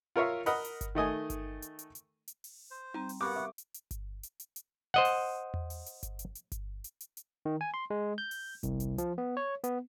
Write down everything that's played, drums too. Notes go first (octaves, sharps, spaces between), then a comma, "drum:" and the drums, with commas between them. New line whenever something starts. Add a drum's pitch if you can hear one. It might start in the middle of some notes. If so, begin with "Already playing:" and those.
F4 A#4 C#5 E5 F5
A#4 D#5 F#5 B5, drum: open hi-hat
drum: hi-hat
drum: kick G1, hi-hat
D#3 A3 D#5 G#5
drum: kick G1, hi-hat
drum: hi-hat
drum: hi-hat
drum: hi-hat
drum: hi-hat
drum: open hi-hat
C5
G3 C4 A#5, drum: tom D#4
drum: open hi-hat
B3 G4 A#4 F5 F#5 C#6 D6
E5 C#6
drum: hi-hat
drum: hi-hat
drum: kick G1, hi-hat
drum: hi-hat
drum: hi-hat
drum: hi-hat
C5 D#5 F#5
drum: open hi-hat
drum: tom E2
drum: open hi-hat
drum: hi-hat
drum: kick G1, hi-hat
drum: hi-hat
drum: hi-hat
drum: kick G1, hi-hat
drum: hi-hat
drum: hi-hat
drum: hi-hat
D#3
G#5
C6
G#3
G6
drum: open hi-hat
C2, drum: kick G1, hi-hat
drum: hi-hat
F3, drum: hi-hat
B3
C#5
B3, drum: hi-hat